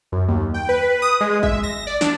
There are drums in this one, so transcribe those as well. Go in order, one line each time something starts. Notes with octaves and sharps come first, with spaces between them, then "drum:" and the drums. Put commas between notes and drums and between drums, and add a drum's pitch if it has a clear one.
F#2
D#2
G5
B4
D#6
G#3
E5, drum: kick
A#6
D5
D4, drum: snare